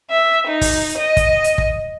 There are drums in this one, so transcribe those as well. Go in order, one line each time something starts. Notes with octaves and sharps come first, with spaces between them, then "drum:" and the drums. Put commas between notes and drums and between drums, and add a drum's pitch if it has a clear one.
E5
D#4
drum: kick, open hi-hat
drum: hi-hat
D#5
drum: kick, hi-hat
drum: hi-hat
drum: kick